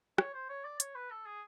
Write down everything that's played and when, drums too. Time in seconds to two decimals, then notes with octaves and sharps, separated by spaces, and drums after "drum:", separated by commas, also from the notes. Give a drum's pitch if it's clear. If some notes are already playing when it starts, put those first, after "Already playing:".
0.18 C#5, drum: rim click
0.34 C5
0.49 C#5
0.64 D5
0.80 C#5, drum: hi-hat
0.95 B4
1.10 A4
1.26 G#4